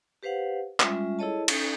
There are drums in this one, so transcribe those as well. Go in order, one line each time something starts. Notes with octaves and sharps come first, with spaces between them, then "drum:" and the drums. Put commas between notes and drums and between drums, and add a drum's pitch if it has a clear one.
G4 B4 C5 F5 F#5
G3 G#3 C#4 F4 E5, drum: clap
E4 G#4 A4 C#5 D#5 A5
C#4 D#4 A4, drum: cymbal